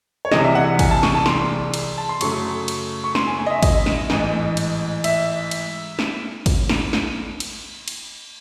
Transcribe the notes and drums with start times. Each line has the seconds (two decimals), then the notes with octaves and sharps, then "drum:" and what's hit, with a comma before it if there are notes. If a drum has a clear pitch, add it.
0.25 C#5
0.32 C2 C3 E3 G#3 D#5, drum: snare
0.44 E5
0.55 F#5
0.79 G#5, drum: kick, cymbal
0.91 A5
1.03 C#6, drum: snare
1.15 A5
1.26 C6, drum: snare
1.74 drum: cymbal
1.98 A5
2.09 C6
2.21 F#2 C#3 F#3 A3 C#6, drum: cymbal
2.68 drum: cymbal
3.04 C#6
3.15 C6, drum: snare
3.27 G#5
3.39 G#5
3.46 D#5
3.50 E5
3.63 D#5, drum: kick, cymbal
3.86 drum: snare
4.10 A1 G#2 E3, drum: snare
4.57 drum: cymbal
5.04 E5, drum: cymbal
5.51 drum: cymbal
5.99 drum: snare
6.46 drum: kick, cymbal
6.70 drum: snare
6.93 drum: snare
7.40 drum: cymbal
7.88 drum: cymbal